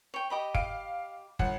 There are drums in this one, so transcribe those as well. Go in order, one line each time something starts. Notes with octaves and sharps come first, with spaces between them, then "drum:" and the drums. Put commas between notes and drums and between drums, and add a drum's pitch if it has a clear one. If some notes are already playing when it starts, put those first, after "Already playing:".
C#5 G5
G4 D#5 B5
F5 D7, drum: kick
G1 F#5, drum: kick